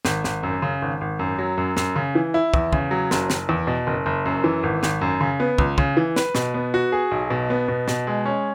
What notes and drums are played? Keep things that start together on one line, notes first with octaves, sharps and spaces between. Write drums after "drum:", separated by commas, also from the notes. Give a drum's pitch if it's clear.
G#1, drum: snare
G#1, drum: snare
F#2
C#3
G#1
G#1
F#2
F#3
F#2
F#2, drum: snare
C#3
E3
E4
E2, drum: kick
C#3, drum: kick
F#3
F#1, drum: snare
F#1, drum: snare
E2
B2
F#1
F#1
F#2
E3
G#1
G#1, drum: snare
F#2
C#3
B3
C#2, drum: kick
C#3, drum: kick
E3
B4, drum: snare
B2, drum: snare
B3
F#4
G#4
B1
B2
B3
B2
B2, drum: snare
G#3
C#4